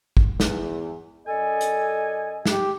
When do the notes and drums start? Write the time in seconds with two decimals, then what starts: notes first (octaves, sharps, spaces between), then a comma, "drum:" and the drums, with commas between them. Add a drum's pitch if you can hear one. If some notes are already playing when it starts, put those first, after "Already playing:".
0.17 drum: kick
0.40 E2, drum: snare
1.27 F#2 A4 D5 D#5 G#5
1.61 drum: hi-hat
2.46 G4, drum: snare